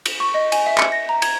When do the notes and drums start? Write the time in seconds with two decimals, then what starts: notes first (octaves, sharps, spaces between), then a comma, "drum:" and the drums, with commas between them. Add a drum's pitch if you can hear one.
0.05 drum: cymbal
0.20 C#6
0.34 D#5
0.52 G#5, drum: cymbal
0.66 E5
0.78 C#7, drum: clap
0.92 A#6
1.09 A#5
1.22 G#6, drum: cymbal